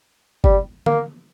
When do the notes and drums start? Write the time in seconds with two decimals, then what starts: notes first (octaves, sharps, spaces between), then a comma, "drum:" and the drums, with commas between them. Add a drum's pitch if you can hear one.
0.44 G3, drum: kick G1
0.86 A#3, drum: tom D3